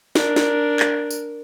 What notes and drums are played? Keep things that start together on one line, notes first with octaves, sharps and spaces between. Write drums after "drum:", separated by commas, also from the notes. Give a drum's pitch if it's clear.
D4 A#4, drum: snare
drum: snare
drum: clap
drum: tambourine